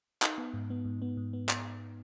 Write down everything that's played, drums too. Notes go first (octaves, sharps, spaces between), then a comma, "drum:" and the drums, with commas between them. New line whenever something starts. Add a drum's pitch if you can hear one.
D#4, drum: clap
B3
G#2
B3
G#2
B3
G#2
B3
drum: clap